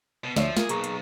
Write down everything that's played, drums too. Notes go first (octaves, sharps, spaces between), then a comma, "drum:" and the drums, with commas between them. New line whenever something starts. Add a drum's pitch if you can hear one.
B2 B3
D2 F3 C#5 D5 E5, drum: snare
A#3 F4 G#4, drum: snare
B1 G#4 A#5 C#6, drum: hi-hat
drum: hi-hat